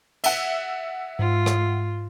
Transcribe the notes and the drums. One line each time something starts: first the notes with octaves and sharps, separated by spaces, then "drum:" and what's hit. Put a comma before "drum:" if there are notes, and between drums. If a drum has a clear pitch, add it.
E5 F#5, drum: cymbal
G#2 F4
drum: rim click